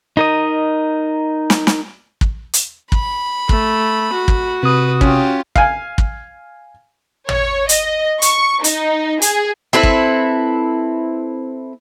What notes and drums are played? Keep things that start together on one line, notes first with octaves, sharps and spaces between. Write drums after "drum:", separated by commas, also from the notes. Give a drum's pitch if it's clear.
D#4 A#4 D#5
drum: snare
drum: snare
drum: kick
drum: hi-hat
B5, drum: kick
A3, drum: kick
F#4
drum: kick
C3 B4 D#6
C#4 F4 G4, drum: kick
F5 G#5, drum: kick
drum: kick
C#5, drum: tom
D#5, drum: hi-hat
C#6, drum: hi-hat
D#4, drum: hi-hat
G#4, drum: hi-hat
C4 E4 A4 B4
drum: kick